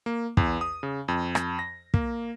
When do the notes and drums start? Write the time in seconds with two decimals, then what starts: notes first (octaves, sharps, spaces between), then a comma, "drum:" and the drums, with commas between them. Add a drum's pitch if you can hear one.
0.06 A#3
0.37 E2, drum: kick
0.61 D#6
0.83 C#3
1.08 F2
1.35 drum: rim click
1.59 A#6
1.94 A#3, drum: kick